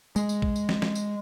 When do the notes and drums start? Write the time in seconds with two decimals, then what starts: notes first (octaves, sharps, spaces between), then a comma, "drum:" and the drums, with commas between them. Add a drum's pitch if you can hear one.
0.16 G#3, drum: tambourine
0.29 drum: tambourine
0.42 drum: kick A#1
0.56 drum: tambourine
0.69 drum: snare
0.82 drum: snare
0.95 drum: tambourine